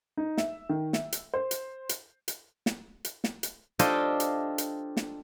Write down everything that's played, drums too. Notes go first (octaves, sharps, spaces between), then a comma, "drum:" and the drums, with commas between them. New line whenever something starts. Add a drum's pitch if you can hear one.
D#4
E5, drum: snare
D#3
E5, drum: snare
drum: hi-hat
C5
drum: hi-hat
drum: hi-hat
drum: hi-hat
drum: snare
drum: hi-hat
drum: snare
drum: hi-hat
D4 F4 G4 A4 C5 D#5, drum: hi-hat
drum: hi-hat
drum: hi-hat
drum: snare